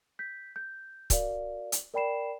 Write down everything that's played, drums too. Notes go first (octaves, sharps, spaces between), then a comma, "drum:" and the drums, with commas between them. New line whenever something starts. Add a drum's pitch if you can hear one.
G6 B6
G6
F#4 A#4 D5 F5, drum: kick C#1, hi-hat
drum: hi-hat
A#4 D5 G5 B5 C7 E7